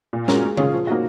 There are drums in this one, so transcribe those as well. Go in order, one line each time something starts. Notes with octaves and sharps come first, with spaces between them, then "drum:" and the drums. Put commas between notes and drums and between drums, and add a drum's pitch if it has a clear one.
A#2
G#3 C#4 F#4 A#4, drum: snare
G#3
C#4 F4 G#4 C#5, drum: tom C#3
F3
A#3 D#4 F#4